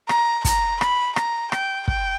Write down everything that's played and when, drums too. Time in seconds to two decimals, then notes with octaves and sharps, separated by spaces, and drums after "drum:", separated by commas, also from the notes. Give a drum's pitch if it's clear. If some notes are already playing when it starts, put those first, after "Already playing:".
0.09 A#5, drum: rim click
0.45 A#5, drum: kick, hi-hat
0.81 B5, drum: rim click
1.16 A#5, drum: rim click
1.52 G5, drum: rim click
1.88 G5, drum: kick